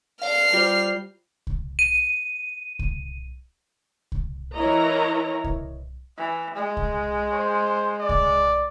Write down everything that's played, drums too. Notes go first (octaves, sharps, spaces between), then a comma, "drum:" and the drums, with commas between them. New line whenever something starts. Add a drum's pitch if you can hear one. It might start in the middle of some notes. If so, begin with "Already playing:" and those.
D5 F5 F6 C7
G3 F4 C5
drum: kick C2
D#7
drum: kick C2
drum: kick C2
E3 E4 A#4 C#5 D#5 A#5
drum: kick C2
E3
G#3
drum: kick C2
C5
D5
drum: kick C2